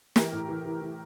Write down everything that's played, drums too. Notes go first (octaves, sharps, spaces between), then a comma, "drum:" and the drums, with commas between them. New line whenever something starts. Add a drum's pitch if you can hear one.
E3 G4 A#4, drum: snare
A2
E3
E3
E3